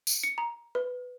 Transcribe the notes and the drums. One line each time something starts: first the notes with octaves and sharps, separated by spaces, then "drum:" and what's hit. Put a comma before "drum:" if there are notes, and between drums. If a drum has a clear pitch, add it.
drum: tambourine
C#7
A#5
B4